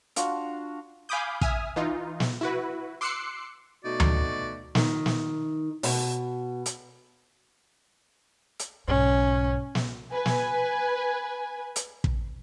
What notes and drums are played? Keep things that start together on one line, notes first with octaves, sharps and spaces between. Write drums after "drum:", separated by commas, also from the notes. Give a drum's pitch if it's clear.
D4 F4 F#4 F5, drum: hi-hat
F5 G#5 B5 D6 D#6 G6
E5 G#5 D#6 F6, drum: kick
E3 D#4 F4
drum: snare
E4 F#4 B4
C6 D6 E6 F#6 C7 C#7
B2 A3 D#4 F#4 D5
drum: tom D2
D#3, drum: snare
drum: snare
B2, drum: open hi-hat
drum: hi-hat
drum: hi-hat
B1 G#2 C#4
drum: snare
B4 G#5
drum: snare
drum: hi-hat
drum: kick